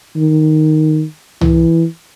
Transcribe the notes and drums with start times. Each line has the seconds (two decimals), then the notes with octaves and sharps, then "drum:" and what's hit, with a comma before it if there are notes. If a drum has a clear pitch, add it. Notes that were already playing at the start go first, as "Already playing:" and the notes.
0.17 D#3
1.41 E3, drum: tom